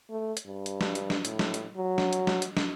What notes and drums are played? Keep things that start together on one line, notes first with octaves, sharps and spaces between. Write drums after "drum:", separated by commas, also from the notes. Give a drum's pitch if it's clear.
A3
drum: hi-hat
G2
drum: hi-hat
drum: snare
drum: hi-hat
drum: snare
A2, drum: hi-hat
drum: snare
drum: hi-hat
F#3
drum: snare
drum: hi-hat
drum: snare
drum: hi-hat
drum: snare